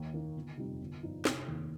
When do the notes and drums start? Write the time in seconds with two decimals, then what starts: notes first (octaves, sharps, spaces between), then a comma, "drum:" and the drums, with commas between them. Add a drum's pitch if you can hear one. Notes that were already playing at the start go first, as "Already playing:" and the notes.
Already playing: D#2
0.13 D#3 A#3 D#4
0.36 G1
0.57 F2 C3 G3 D#4
0.80 G1
1.03 G2 F3 D#4
1.25 F1, drum: snare
1.47 D#2 D#3